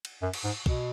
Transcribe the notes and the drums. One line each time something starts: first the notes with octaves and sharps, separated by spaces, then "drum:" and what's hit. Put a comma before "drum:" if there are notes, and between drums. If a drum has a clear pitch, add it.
drum: cymbal
F#2
drum: cymbal
G#2
B2, drum: kick